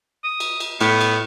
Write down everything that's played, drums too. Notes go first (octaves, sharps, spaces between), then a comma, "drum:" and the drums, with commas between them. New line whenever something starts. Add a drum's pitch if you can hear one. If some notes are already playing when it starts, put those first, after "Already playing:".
D#6
drum: cymbal
drum: cymbal
A2 B3, drum: cymbal
drum: cymbal